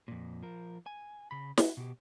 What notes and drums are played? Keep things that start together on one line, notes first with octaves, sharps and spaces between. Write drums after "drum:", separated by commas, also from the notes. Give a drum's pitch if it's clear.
F2 A#2
F3 A#4
G#5
C#3 B5
E4 F#4, drum: snare
B2 G4